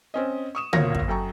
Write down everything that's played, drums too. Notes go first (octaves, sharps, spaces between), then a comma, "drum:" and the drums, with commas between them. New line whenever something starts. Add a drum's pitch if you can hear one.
C4 C#4 D#5
C#6 D#6 E7
G#1 D2 A#3 F4 C#5 A#6, drum: tom
drum: kick
F#2 A4 G5 A#5 C#6